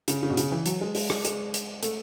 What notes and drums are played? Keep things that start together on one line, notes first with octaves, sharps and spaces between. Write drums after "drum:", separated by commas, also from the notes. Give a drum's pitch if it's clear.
C#3, drum: hi-hat
C#3
B2
C#3, drum: hi-hat
E3
F#3, drum: hi-hat
G#3
G#3, drum: open hi-hat
G#3, drum: rim click
G#3, drum: hi-hat
drum: hi-hat
A3, drum: hi-hat